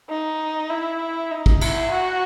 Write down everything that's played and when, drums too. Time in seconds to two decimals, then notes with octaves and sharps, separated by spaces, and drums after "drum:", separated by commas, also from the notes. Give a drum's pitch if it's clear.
0.10 D#4
0.70 E4
1.31 D#4
1.46 drum: kick
1.61 E4, drum: cymbal
1.91 F#4